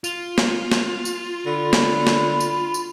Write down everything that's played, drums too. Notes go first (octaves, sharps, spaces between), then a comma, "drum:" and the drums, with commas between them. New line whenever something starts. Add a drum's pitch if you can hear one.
F4, drum: tambourine
drum: snare
drum: snare
drum: tambourine
D3 B5
drum: snare
drum: snare
drum: tambourine
drum: tambourine